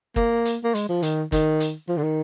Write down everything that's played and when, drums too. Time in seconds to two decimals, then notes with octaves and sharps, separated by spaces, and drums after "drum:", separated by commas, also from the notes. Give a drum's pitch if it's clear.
0.16 A#3, drum: kick
0.45 drum: hi-hat
0.64 A#3
0.75 G#3, drum: hi-hat
0.89 F3
1.03 D#3, drum: hi-hat
1.32 D#3, drum: kick, hi-hat
1.60 drum: hi-hat
1.88 F3
1.97 D3
2.03 D#3